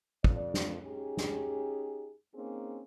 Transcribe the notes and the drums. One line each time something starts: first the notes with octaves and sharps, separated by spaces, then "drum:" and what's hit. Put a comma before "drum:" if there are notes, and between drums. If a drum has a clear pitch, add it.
F2 D5, drum: kick
drum: snare
C#4 D#4 G4 G#4
drum: snare
A#3 C4 C#4 D#4 G#4